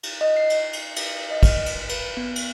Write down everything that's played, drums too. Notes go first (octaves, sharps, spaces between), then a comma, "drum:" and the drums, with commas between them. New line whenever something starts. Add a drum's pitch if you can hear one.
drum: cymbal
D#5
C7
drum: cymbal
drum: cymbal
drum: cymbal
D#5
F6, drum: kick, cymbal
drum: cymbal
B4, drum: cymbal
B3
drum: cymbal